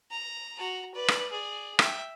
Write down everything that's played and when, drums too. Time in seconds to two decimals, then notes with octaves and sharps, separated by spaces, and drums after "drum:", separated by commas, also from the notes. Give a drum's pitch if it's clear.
0.11 A#5
0.59 F#4 A#5
0.94 B4 D5
1.08 drum: rim click
1.32 G#4 D5
1.79 E5 G5, drum: rim click